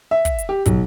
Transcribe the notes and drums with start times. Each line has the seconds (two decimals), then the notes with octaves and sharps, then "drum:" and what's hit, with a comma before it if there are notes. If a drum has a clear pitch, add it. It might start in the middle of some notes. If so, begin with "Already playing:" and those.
0.11 E5
0.25 drum: kick, hi-hat
0.38 drum: hi-hat
0.49 G4
0.65 B1, drum: kick, hi-hat